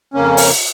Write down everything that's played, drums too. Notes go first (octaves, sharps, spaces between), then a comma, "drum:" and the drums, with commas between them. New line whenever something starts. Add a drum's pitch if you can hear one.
F2 C#3 A#3 C#4
drum: open hi-hat